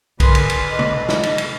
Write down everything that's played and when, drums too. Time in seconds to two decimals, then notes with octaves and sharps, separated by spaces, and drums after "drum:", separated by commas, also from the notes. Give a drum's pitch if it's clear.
0.20 D3 G#4 A#4 B4 C6, drum: kick B1, cymbal
0.35 drum: cymbal
0.50 drum: cymbal
0.70 D#5
0.79 drum: tom C3
0.98 D#5
1.09 drum: snare
1.23 drum: cymbal
1.38 drum: cymbal